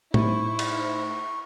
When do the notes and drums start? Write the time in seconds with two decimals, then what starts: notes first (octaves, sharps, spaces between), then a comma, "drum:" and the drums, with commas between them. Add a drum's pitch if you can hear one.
0.14 A2 A3 D#4 E4 C5 C#6, drum: tom
0.59 drum: cymbal